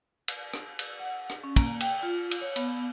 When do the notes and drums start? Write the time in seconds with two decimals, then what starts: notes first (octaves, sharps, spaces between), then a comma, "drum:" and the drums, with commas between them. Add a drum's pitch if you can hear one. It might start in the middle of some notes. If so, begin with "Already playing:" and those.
0.28 drum: cymbal
0.54 drum: rim click
0.79 drum: cymbal
0.99 F#5
1.30 drum: rim click
1.44 C#4
1.56 A#3, drum: kick, cymbal
1.80 G5, drum: cymbal
2.03 F4
2.31 drum: cymbal
2.41 C#5
2.56 B3, drum: cymbal